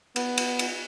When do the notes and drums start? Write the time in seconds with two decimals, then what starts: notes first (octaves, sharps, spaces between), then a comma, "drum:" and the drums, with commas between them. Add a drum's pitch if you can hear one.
0.16 B3, drum: cymbal
0.38 drum: cymbal
0.59 drum: cymbal